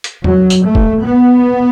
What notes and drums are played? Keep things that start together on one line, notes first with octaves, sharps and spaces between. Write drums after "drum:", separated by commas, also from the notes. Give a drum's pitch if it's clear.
drum: hi-hat
F#3, drum: tom E2
drum: tambourine
A3
drum: kick
B3